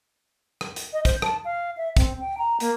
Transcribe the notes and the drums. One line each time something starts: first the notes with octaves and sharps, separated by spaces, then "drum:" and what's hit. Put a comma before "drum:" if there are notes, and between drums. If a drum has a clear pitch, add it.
drum: rim click
drum: hi-hat
D#5
C5, drum: kick, hi-hat
A5, drum: rim click
F5
E5
C4, drum: kick, hi-hat
G5
A#5
A#3, drum: hi-hat